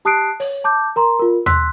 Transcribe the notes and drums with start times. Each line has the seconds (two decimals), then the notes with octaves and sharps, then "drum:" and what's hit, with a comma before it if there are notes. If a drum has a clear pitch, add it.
0.05 G4 A5 D#6 F#6 C7 D7
0.40 C#5, drum: open hi-hat
0.64 A5 D6 G6
0.96 A#4 A#5 C6
1.19 F4 A#4
1.46 C6 E6 F#6 B6, drum: tom D#2